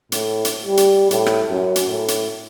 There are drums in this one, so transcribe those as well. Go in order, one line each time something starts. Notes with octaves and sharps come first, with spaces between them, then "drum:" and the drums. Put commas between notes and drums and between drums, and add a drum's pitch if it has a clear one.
A2, drum: hi-hat
drum: hi-hat
G3
drum: hi-hat
A2, drum: hi-hat
drum: rim click
F#2
drum: hi-hat
A2
drum: hi-hat